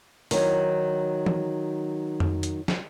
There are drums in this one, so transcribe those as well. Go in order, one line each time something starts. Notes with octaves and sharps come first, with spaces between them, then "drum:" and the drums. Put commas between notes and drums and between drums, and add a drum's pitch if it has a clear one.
D#3 F#3, drum: open hi-hat
drum: tom E3
drum: tom F2
drum: hi-hat
drum: snare